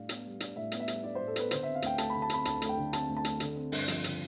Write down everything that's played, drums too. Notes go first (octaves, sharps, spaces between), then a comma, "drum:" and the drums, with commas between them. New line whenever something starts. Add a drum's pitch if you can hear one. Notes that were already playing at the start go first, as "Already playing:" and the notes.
Already playing: A2 G3 D4 F5
B3, drum: hi-hat
G3
D4, drum: hi-hat
A2 E5
B3, drum: hi-hat
E5
G3, drum: hi-hat
D4 D5
A2 C5
A4
B3 B4, drum: hi-hat
D3 C5, drum: hi-hat
C4 E5
F5
D2 G5, drum: hi-hat
A3 A5, drum: hi-hat
D3 B5
A5
C4 B5, drum: hi-hat
D2 A5, drum: hi-hat
A3, drum: hi-hat
G5
D3
C4 A5, drum: hi-hat
D2
A5
A3, drum: hi-hat
D3, drum: hi-hat
C4
G2, drum: open hi-hat
F3, drum: hi-hat
D3, drum: hi-hat